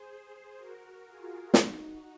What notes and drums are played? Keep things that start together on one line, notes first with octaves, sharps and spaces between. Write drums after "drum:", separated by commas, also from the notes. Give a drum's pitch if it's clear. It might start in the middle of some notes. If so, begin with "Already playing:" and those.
Already playing: G#4 C5
F#4 A#4
F4 G#4
D#4 F#4, drum: snare